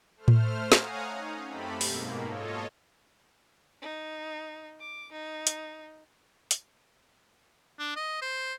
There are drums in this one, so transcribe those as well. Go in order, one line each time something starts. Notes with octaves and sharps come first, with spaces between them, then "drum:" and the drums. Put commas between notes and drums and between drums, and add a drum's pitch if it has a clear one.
A3 C5 F6
drum: tom A2
C#5 F5 F#5 G#5 A#5 D#6, drum: snare
C#4 D#4
F#2 A3 C4 G4 A4 B5
G#2 B2 A#3, drum: open hi-hat
F4 A4 C#5 D#5
D#4
D6
D#4
drum: hi-hat
drum: hi-hat
D4
D#5
C5